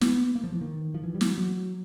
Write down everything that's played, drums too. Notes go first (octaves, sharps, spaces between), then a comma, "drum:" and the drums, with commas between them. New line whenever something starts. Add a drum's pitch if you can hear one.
B3, drum: snare
A#3
F3
E3
D#3
F3
E3
G3
F#3, drum: snare
F#3